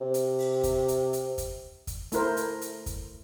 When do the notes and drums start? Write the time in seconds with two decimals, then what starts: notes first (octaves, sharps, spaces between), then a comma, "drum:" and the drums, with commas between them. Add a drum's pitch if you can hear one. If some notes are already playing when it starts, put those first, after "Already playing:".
0.01 C3
0.14 drum: hi-hat
0.39 drum: open hi-hat
0.63 drum: kick, hi-hat
0.88 drum: hi-hat
1.13 drum: hi-hat
1.38 drum: kick, hi-hat
1.87 drum: kick, hi-hat
2.12 A3 E4 A#4 C5, drum: hi-hat
2.37 drum: hi-hat
2.61 drum: hi-hat
2.86 drum: kick, hi-hat